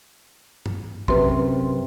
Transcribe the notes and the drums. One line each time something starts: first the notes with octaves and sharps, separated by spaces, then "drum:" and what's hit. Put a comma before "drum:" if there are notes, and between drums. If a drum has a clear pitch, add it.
drum: tom
F#2 C3 B4 C6, drum: kick